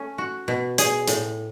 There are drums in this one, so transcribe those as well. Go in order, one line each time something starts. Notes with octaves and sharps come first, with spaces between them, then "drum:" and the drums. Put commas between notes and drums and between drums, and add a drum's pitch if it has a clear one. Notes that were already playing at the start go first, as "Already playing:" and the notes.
Already playing: A3 C#4
F#4
B2
G#4, drum: hi-hat
A2, drum: hi-hat